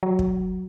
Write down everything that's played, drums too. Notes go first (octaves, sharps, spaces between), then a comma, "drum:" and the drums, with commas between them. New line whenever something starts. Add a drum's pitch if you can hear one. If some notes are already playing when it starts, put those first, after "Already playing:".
F#3
drum: kick